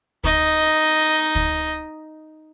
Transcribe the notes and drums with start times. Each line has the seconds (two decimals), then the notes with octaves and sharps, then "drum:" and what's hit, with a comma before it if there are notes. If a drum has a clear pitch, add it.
0.24 D#4 D#5, drum: kick
1.35 drum: kick